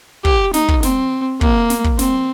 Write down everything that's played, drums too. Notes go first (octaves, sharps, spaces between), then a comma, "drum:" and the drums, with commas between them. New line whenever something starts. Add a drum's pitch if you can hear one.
G4, drum: kick
D#4, drum: snare
drum: kick
C4, drum: snare
A#3, drum: kick
drum: snare
drum: kick
C4, drum: snare